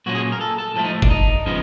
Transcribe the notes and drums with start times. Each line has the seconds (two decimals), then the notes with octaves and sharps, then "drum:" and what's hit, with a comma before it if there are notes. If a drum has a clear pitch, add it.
0.06 A#2 F#3 A#3 C#4 F#4
0.15 G#4
0.32 A#4
0.41 A4
0.58 A4
0.75 A2 F3 A3 C4 A4
0.84 D#4
1.02 D4, drum: kick
1.10 D#4
1.46 C#3 F3 G#3 B3